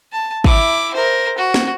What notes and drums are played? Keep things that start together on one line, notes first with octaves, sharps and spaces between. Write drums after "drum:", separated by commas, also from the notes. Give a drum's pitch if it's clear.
A5
E4 D6, drum: kick
A#4 C5
F#4
drum: snare